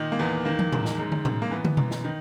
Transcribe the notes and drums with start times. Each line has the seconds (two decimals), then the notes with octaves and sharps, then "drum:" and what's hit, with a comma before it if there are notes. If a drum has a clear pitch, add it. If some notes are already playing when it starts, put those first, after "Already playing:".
Already playing: A#2 D#3 D#4
0.12 A#3
0.19 E2 B3
0.45 D#3 A#3
0.59 drum: tom
0.72 G#2, drum: tom A2
0.85 drum: snare
0.99 F#2 G#3
1.12 drum: tom
1.25 F#2, drum: tom A2
1.42 A#3
1.51 E3 B3
1.65 drum: tom
1.77 F#2, drum: tom B2
1.91 drum: snare
2.04 D#3 D#4